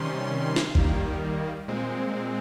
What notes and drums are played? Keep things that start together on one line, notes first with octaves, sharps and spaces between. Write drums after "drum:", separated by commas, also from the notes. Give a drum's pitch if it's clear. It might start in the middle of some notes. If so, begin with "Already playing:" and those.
Already playing: C3 D#3 G3 C#4 C6
drum: snare
D#3 G3 A#3, drum: kick
A#2 G#3 C4